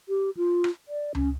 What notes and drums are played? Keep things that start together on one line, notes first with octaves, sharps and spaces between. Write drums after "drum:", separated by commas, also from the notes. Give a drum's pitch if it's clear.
G4
F4
drum: rim click
D5
C#4, drum: tom C#2